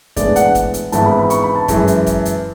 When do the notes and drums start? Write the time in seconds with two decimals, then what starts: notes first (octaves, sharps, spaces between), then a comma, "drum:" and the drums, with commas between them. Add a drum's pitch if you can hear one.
0.16 A2 E3 G#3 B3 D4 D5, drum: kick, hi-hat
0.36 F#5, drum: hi-hat
0.55 drum: kick, hi-hat
0.74 drum: hi-hat
0.92 G#1 G#2 E3 B3 E4 A5, drum: hi-hat
1.06 B5
1.19 B5
1.30 C#6, drum: hi-hat
1.44 B5
1.55 A5
1.68 F#2 E3 G#3, drum: kick, hi-hat
1.88 drum: hi-hat
2.06 drum: kick, hi-hat
2.25 drum: hi-hat